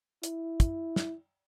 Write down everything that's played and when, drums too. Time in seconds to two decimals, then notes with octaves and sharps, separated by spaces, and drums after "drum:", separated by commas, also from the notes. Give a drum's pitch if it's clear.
0.23 E4, drum: hi-hat
0.60 drum: kick, hi-hat
0.96 drum: snare